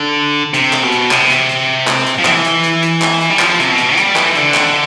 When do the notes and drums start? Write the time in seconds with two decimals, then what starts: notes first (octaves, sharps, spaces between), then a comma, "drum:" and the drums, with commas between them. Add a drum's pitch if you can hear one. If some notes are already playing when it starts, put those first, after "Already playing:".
Already playing: D3
0.54 C3, drum: hi-hat
0.73 drum: clap
0.83 B2
0.92 drum: hi-hat
1.11 C3, drum: clap
1.30 drum: hi-hat
1.49 drum: hi-hat
1.87 drum: clap
2.06 drum: hi-hat
2.19 F3
2.25 E3, drum: clap
2.44 drum: hi-hat
2.63 drum: hi-hat
2.83 drum: hi-hat
3.02 drum: clap
3.21 drum: hi-hat
3.30 G3
3.39 F3, drum: clap
3.60 C3, drum: hi-hat
3.68 B2
3.78 drum: hi-hat
3.97 G3, drum: hi-hat
4.16 E3, drum: clap
4.35 D3, drum: hi-hat
4.54 drum: clap